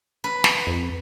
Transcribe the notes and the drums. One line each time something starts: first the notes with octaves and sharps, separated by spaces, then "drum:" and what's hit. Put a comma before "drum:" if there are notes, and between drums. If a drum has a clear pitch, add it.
B4
drum: snare
F2